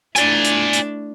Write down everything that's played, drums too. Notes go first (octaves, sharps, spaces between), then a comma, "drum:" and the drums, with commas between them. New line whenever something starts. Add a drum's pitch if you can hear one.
A3 D4 E4 D5 G#5, drum: hi-hat
drum: hi-hat
drum: hi-hat